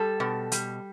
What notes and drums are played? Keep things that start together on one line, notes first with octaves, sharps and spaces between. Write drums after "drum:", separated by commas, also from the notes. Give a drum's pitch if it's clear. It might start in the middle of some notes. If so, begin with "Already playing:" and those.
Already playing: G3 A4
B2
G3, drum: hi-hat